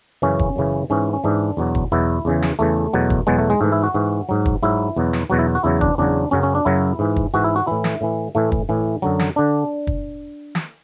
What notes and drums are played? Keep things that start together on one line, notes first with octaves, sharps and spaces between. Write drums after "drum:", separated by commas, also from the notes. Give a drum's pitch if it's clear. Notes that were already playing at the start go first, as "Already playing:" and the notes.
F#2 C#3 E3 C#4
drum: kick
F#2 C#3 E3
G#2 E3 C#4
C#4
G#2 E3 D4
E2 B2 F#3
drum: kick
E2 B2 F#3 E4
E2 C#3 E3
drum: snare
E2 C#3 E3 A3
E2 B2 F#3
drum: kick
E2 B2 F#3 G#3
A3
G#3
G#2 E3 A3
E4
F#4
G#2 E3
G#2 F#3
drum: kick
G#2 F#3 E4
E2 B2 F#3
drum: snare
E2 B2 F#3 F#4
E4
F#4
E2 C#3 F#3 E4
D4, drum: kick
E2 C#3 F#3 D4
F#2 C#3 F#3 C#4
C#4
D4
F#2 C#3 F#3 E4
G#2 E3
drum: kick
G#2 E3 F#4
E4
F#4
A2 E3 E4
drum: snare
A2 E3
A2 E3 A3
drum: kick
A2 E3
F#2 D3 F#3
drum: snare
D3 D4
drum: kick
drum: snare